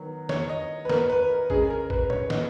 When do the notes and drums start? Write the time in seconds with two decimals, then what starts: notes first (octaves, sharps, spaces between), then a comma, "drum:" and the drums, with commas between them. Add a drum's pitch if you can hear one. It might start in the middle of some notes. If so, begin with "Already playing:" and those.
Already playing: D#3 F#3 B3
0.29 C#5, drum: snare
0.49 D#5
0.85 B4
0.89 A#4, drum: snare
1.10 B4
1.30 A#4
1.50 C#3 G#3 C#4 G#4, drum: kick
1.70 A#4
1.90 B4, drum: kick
2.10 C#5, drum: tom A2
2.30 D#5, drum: snare